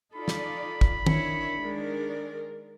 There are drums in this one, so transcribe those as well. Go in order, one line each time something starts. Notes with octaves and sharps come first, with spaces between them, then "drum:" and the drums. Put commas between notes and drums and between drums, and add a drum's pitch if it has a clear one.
D#4 F4 A4 D5 B5
drum: snare
drum: kick
D#3 D4 E4 C#5, drum: tom
D#3 G#3 A#4 D5